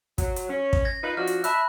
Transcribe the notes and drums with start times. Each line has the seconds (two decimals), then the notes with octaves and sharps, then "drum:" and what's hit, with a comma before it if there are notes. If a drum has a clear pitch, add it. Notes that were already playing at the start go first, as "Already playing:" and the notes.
0.18 F#3, drum: kick, hi-hat
0.36 drum: hi-hat
0.49 C#4
0.73 drum: kick
0.85 G#6 A#6
1.03 D#4 F4 B4
1.17 F3 D4 F#4 F6
1.27 drum: hi-hat
1.44 E5 A5 B5 F#6, drum: hi-hat